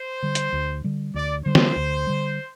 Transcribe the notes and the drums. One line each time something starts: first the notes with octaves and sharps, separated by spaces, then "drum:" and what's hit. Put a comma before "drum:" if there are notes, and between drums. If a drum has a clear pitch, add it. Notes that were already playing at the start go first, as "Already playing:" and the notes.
Already playing: C5
D3 G3
drum: hi-hat
D2
D3 G3
D2 D5
D3 G3 C5
drum: snare
D2
D3 G3